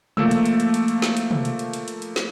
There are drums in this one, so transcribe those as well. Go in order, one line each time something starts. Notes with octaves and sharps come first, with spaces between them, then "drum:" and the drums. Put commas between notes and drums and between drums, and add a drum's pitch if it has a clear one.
F3 A3 A#3 E6, drum: tom
drum: hi-hat
drum: hi-hat
drum: hi-hat
drum: hi-hat
drum: hi-hat
drum: snare
drum: hi-hat
drum: tom
drum: hi-hat
drum: hi-hat
drum: hi-hat
drum: hi-hat
drum: hi-hat
drum: snare